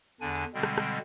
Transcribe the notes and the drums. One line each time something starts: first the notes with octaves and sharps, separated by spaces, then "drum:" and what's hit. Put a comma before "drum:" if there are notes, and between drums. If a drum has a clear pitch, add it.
E2 D3 D4 G#5
drum: hi-hat
B2 D3 G3 G#3 C4
drum: rim click
drum: rim click